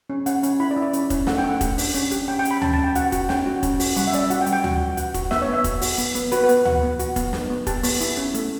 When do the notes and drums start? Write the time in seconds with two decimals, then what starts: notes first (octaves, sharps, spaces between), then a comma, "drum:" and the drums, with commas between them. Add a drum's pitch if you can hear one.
0.10 C#4
0.26 C#4 F#5, drum: hi-hat
0.43 C#4, drum: hi-hat
0.60 E4 B5
0.71 D5
0.77 E4
0.82 D5
0.93 C#4, drum: hi-hat
1.10 C#4, drum: kick F1, hi-hat
1.27 A3 F#5, drum: snare
1.38 G5
1.44 A3
1.49 F#5
1.61 G4, drum: kick F1, hi-hat
1.78 D4, drum: open hi-hat
1.94 C#4, drum: hi-hat
2.11 G4, drum: hi-hat
2.28 C#4 G5
2.39 G5
2.45 C#4, drum: hi-hat
2.51 B5
2.62 C#4 A5, drum: tom D2
2.73 A5
2.78 C#4
2.84 G5
2.95 F#4 F#5, drum: hi-hat
3.12 F#4, drum: kick F1, hi-hat
3.29 C#4 G5, drum: snare
3.46 F#4
3.63 C#4, drum: kick F1, hi-hat
3.80 F#4, drum: open hi-hat
3.96 G3 F#5, drum: hi-hat
4.07 E5
4.13 C#4 D5, drum: hi-hat
4.19 E5
4.30 F#4 F#5, drum: hi-hat
4.41 G5
4.46 G3, drum: hi-hat
4.53 G5
4.64 F#4, drum: tom D2
4.80 F#4
4.97 F#4 F#5, drum: hi-hat
5.14 F#4, drum: kick F1, hi-hat
5.31 B3 E5, drum: snare
5.42 C#5
5.48 B3
5.53 E5
5.64 F#4, drum: kick F1, hi-hat
5.82 F#4, drum: open hi-hat
5.98 B3, drum: hi-hat
6.15 B3, drum: hi-hat
6.32 F#4 B4, drum: hi-hat
6.43 B4
6.49 B3, drum: hi-hat
6.65 F#4 F#5, drum: tom D2
6.83 B3
6.99 F#4, drum: hi-hat
7.16 B3, drum: kick F1, hi-hat
7.33 B3, drum: snare
7.50 B3
7.67 G4 A5, drum: kick F1, hi-hat
7.83 B3, drum: open hi-hat
8.01 E4, drum: hi-hat
8.17 C#4
8.34 A3, drum: hi-hat